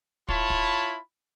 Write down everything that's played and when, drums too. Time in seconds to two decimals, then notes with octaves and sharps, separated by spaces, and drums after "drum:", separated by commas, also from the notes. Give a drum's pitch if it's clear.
0.28 E4 F4 C#5 A5 B5, drum: kick
0.50 drum: kick